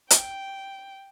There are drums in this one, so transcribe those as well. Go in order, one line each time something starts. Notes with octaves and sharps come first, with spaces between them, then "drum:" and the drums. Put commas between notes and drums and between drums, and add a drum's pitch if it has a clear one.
G5, drum: hi-hat